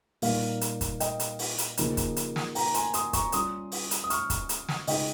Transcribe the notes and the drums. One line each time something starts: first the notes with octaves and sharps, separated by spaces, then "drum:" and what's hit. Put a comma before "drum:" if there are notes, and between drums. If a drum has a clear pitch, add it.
A#2 G3 A#3 D#4 F5, drum: open hi-hat
drum: hi-hat
drum: kick, hi-hat
D#5 G5, drum: hi-hat
drum: hi-hat
drum: open hi-hat
drum: hi-hat
C#3 F3 A#3 D#4, drum: hi-hat
drum: kick, hi-hat
drum: hi-hat
drum: snare
G5 A#5, drum: open hi-hat
G#5 C6, drum: hi-hat
C6 D#6, drum: hi-hat
A#5 C#6, drum: kick, hi-hat
G3 C#4 F4 C6 D#6, drum: hi-hat
drum: open hi-hat
drum: hi-hat
D#6
C#6 F6, drum: hi-hat
drum: kick, hi-hat
drum: hi-hat
drum: snare
C#3 G#3 D#4 D#5 G5, drum: open hi-hat